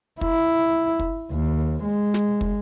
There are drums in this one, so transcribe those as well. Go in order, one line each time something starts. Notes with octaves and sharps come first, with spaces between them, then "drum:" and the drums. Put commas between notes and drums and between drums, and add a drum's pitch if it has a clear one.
E4, drum: kick
drum: kick
D#2
G#3
drum: snare
drum: kick